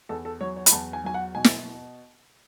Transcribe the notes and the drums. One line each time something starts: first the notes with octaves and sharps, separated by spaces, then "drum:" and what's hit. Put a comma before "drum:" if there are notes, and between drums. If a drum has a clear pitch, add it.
E2 A4
A4
F#3 C#5
C#5
B5, drum: hi-hat
E2 A5
G#5
F#3 G#5
F#5
B2 G#5
drum: snare